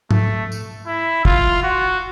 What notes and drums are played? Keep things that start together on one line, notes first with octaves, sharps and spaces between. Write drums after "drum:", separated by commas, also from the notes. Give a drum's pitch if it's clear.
A3, drum: tom G#2
drum: tambourine
E4
F4, drum: kick
F#4